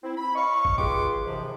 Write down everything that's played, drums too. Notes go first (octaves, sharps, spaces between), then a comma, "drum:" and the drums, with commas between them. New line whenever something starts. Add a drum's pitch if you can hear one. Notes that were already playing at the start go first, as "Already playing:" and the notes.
C4 E4
B5
C#5 D#5 F5 C#6
drum: kick
F4 G4 G#4 B4 C6 D6, drum: kick
D#2 G#2 C3 E3 F3